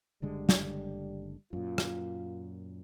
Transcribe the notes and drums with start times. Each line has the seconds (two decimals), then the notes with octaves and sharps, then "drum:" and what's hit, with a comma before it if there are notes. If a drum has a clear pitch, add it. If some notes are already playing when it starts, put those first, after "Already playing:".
0.22 F#1 D3 G3 G#3
0.49 drum: snare
1.53 F#2 A#2 F4
1.78 drum: rim click